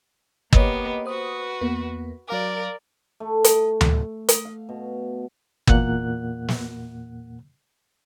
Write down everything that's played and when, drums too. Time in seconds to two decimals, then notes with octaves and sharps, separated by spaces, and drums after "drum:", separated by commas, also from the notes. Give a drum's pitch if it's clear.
0.53 A#3 B3 G4 C#5 D#5, drum: kick
1.06 F#4 B4 C5 D#6
1.61 E2 A#3 B3
2.29 F#3 A#4 D5 F5 D6
3.20 A3
3.44 drum: hi-hat
3.81 drum: tom D2
4.28 drum: hi-hat
4.45 F5
4.69 B2
5.67 E2 A#2 A#3 F#5 F#6, drum: kick
6.48 drum: snare